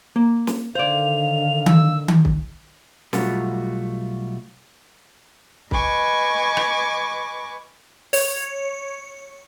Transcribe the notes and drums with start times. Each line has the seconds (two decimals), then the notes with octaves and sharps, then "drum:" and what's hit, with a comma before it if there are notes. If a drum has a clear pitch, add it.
0.16 A#3
0.47 drum: snare
0.75 D3 D#3 C5 D5 F5 F7
1.66 E6, drum: tom D#3
2.08 drum: tom D#3
2.25 drum: kick
3.13 B1 G3 A3 F4 F#4, drum: snare
5.71 B4 D#5 G#5 C#6 D6, drum: kick
6.57 drum: rim click
8.13 C#5, drum: open hi-hat